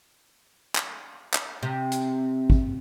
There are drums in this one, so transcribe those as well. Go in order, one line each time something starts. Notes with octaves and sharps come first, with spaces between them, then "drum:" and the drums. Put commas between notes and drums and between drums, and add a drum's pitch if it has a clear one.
drum: clap
drum: clap
C3
drum: hi-hat
drum: kick